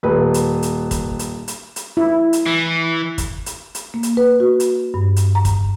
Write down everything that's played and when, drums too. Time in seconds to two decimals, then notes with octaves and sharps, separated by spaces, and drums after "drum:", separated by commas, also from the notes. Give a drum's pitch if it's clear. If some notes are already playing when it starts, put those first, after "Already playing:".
0.03 D#1 B4
0.34 drum: hi-hat
0.63 drum: hi-hat
0.91 drum: kick, hi-hat
1.19 drum: hi-hat
1.48 drum: hi-hat
1.76 drum: hi-hat
1.97 E4
2.33 drum: hi-hat
2.46 E3
3.18 drum: kick, hi-hat
3.46 drum: hi-hat
3.75 drum: hi-hat
3.94 A#3
4.03 drum: hi-hat
4.17 B4
4.40 F#4
4.60 drum: hi-hat
4.94 G2
5.16 drum: hi-hat
5.35 A#5
5.45 drum: kick, hi-hat